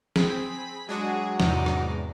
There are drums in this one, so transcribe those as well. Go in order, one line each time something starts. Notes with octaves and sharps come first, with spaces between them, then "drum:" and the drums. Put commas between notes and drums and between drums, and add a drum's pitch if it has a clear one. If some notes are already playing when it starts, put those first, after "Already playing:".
C4 G#4 B5, drum: snare
F#3 G#3 D4 F#4 G#4
E2 G#2 C3 D#4 D5, drum: snare
drum: rim click